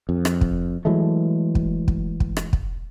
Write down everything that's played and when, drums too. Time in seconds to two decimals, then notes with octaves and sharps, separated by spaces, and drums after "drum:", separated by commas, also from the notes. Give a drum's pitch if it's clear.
0.09 F2
0.25 drum: rim click
0.41 drum: kick
0.85 E3 F#3 G#3 A3
1.55 drum: kick
1.88 drum: kick
2.20 drum: kick
2.37 drum: rim click
2.53 drum: kick